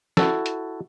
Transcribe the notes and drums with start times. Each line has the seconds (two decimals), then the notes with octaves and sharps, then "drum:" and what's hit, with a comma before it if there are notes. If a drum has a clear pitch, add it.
0.17 E4 F#4 A4, drum: snare
0.46 drum: hi-hat